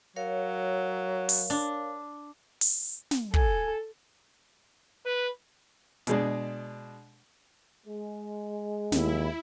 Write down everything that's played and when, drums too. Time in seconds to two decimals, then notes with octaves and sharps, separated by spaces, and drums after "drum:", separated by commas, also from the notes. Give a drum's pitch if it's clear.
0.16 F#3 A#4 C#5 F5
1.29 drum: open hi-hat
1.50 D4, drum: hi-hat
2.61 drum: open hi-hat
3.11 drum: snare
3.34 A4 G#5, drum: kick
5.05 B4
6.07 B2 G#3 D4, drum: hi-hat
7.86 G#3
8.92 D#2 E4, drum: snare